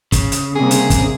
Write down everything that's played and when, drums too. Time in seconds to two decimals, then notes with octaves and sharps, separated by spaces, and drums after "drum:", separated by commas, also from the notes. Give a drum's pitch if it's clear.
0.12 C#3, drum: kick, hi-hat
0.32 drum: hi-hat
0.56 C3 G3 A#3 G#4
0.71 drum: hi-hat
0.90 drum: kick, hi-hat